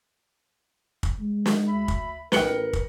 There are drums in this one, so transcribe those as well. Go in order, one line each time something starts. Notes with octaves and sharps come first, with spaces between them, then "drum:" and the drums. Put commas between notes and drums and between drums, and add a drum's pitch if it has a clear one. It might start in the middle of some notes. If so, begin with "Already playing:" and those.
drum: kick
G#3
drum: snare
D2 E5 B5
drum: kick
A1 A#4 B4 G5 C#7 F#7 G7, drum: snare
drum: kick